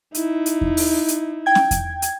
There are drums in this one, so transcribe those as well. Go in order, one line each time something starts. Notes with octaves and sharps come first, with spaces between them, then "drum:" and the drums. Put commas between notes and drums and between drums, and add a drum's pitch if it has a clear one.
D#4 E4, drum: hi-hat
drum: hi-hat
drum: kick E2
drum: open hi-hat
drum: hi-hat
G5 G#6
drum: snare C#4
drum: kick E2, hi-hat
drum: hi-hat